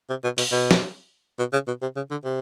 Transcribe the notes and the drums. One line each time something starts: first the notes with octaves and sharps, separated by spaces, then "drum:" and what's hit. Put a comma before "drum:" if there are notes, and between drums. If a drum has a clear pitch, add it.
C3
B2
B2, drum: open hi-hat
B2
drum: snare
B2
C#3
B2
C3
C#3
D3
C3